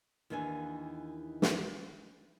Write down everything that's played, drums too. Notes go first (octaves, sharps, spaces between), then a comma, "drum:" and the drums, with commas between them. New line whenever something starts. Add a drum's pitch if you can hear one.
D#2 D#3 E3 D4 A#4 G#5
drum: snare